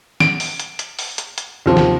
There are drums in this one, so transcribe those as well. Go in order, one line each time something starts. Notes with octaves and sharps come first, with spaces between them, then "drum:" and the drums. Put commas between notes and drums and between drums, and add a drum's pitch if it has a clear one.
D7, drum: snare
drum: open hi-hat
drum: hi-hat
drum: hi-hat
drum: open hi-hat
drum: hi-hat
drum: hi-hat
D#2 C3 F3
drum: snare